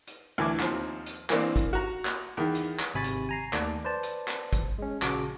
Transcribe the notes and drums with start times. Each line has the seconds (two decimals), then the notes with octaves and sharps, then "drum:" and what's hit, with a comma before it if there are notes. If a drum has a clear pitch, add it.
0.07 drum: hi-hat
0.38 D2 E3 E4 G#5 D6
0.60 D#2 F3 C4, drum: clap
1.06 drum: hi-hat
1.30 E3 A#3 C4 D4, drum: clap
1.56 drum: kick, hi-hat
1.73 F#4 A#5
2.05 drum: clap
2.37 E2 D#3
2.55 drum: hi-hat
2.79 drum: clap
2.94 G#1 C3 G#5 B5 C#6 A6
3.04 drum: hi-hat
3.29 G#5 A#5 C7
3.53 D#2 D#3 A3 D5 A5, drum: clap
3.84 B4 C5 D5 A5
4.03 drum: hi-hat
4.28 drum: clap
4.53 drum: kick, hi-hat
4.78 G#3 C#4
5.02 A#1 C#3 F#4 A5 D6, drum: clap